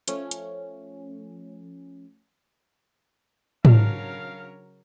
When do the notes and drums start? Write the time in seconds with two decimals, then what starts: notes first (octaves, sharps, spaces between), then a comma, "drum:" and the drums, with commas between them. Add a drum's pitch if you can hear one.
0.08 F3 A3 C#4, drum: hi-hat
0.31 drum: hi-hat
3.65 C#3 F#3 D4 A#4 C#5 F5, drum: tom